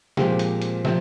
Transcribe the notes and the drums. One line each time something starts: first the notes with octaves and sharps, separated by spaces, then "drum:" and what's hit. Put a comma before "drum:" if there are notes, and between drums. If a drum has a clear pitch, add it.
A#2 F3 G#3 C4 G4, drum: snare
drum: hi-hat
drum: hi-hat
C3 F3 C4, drum: snare